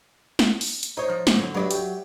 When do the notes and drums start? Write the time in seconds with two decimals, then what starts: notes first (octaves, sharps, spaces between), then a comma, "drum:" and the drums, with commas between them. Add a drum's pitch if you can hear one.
0.39 drum: snare
0.61 drum: open hi-hat
0.83 drum: hi-hat
0.97 D#4 C5 C#5
1.09 F3
1.27 drum: snare
1.36 D3 F#3
1.55 G2 F#3 D5 E5
1.71 G4 G5, drum: hi-hat